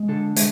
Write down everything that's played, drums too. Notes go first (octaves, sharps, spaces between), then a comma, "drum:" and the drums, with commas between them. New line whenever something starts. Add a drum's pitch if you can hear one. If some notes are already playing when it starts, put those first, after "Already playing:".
Already playing: G#3
D3 A4
G#3, drum: hi-hat